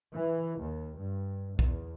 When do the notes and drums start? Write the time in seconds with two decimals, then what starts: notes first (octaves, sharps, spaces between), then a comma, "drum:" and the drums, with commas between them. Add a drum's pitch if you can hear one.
0.14 E3
0.60 D#2
0.99 G2
1.59 E2, drum: kick B1